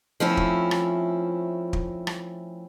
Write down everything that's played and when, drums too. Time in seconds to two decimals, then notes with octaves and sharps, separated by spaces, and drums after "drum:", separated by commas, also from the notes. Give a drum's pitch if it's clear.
0.20 F3 A3 C4 C#4 E4
0.37 drum: kick
0.71 drum: rim click
1.73 drum: kick
2.07 drum: rim click